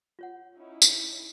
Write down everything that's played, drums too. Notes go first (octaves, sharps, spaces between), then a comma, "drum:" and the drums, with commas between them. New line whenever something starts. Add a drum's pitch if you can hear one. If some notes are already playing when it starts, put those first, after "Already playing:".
F4 C#5 F#5
C#4 D#4 E4
drum: tambourine